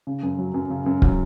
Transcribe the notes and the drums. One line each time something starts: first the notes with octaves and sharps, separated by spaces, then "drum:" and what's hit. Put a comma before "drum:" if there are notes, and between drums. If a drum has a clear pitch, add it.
C#3
F#2
F#3
F#2
C#3
F#2
F#3, drum: kick